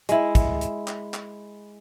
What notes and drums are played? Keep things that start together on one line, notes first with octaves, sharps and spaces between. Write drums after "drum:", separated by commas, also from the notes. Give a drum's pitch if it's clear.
G#3 E4, drum: hi-hat
drum: kick, hi-hat
drum: hi-hat
drum: clap
drum: clap